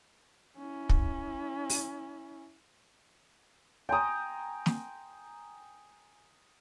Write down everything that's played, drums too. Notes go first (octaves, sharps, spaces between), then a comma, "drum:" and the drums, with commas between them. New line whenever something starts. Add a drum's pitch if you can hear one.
C#4 E4
drum: kick
drum: open hi-hat
G5 G#5 A#5 C6 D#6
drum: snare